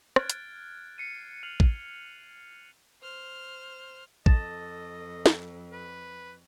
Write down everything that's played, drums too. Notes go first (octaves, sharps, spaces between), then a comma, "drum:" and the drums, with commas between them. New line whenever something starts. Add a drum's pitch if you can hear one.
F6 F#6 G#6 A6 D7, drum: rim click
drum: hi-hat
C7 C#7 D#7
F6 C7 C#7 F7 F#7
drum: kick A1
C5 F6
F2 A4 D#5 A5, drum: kick A1
drum: snare
B4